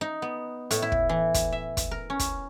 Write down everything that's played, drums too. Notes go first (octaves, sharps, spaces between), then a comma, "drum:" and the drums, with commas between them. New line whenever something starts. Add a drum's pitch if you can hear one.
D#4
B3
A2, drum: hi-hat
E4
drum: kick
E3
drum: kick, hi-hat
E5
drum: kick, hi-hat
A#4
C#4
drum: kick, hi-hat